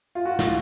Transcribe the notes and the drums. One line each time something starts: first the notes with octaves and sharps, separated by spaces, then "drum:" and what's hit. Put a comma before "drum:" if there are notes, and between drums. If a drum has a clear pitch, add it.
F4
F#4
F4, drum: snare